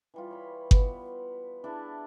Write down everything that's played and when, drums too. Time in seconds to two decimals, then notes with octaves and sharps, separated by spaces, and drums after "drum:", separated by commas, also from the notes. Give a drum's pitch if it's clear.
0.14 E3 G3 F4
0.31 C#5 B5
0.71 B3, drum: kick G1
1.64 D4 E4 G#4 A5